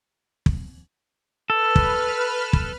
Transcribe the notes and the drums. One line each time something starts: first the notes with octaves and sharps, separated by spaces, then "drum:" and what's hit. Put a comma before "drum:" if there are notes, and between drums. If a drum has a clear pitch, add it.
drum: kick
A4 B4 F6
drum: kick
drum: kick